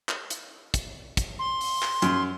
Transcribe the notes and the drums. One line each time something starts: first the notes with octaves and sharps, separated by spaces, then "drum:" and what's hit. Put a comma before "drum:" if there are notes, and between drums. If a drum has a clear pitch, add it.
drum: clap
drum: hi-hat
drum: kick, hi-hat
drum: kick, hi-hat
C6
drum: open hi-hat
drum: clap
F#2, drum: hi-hat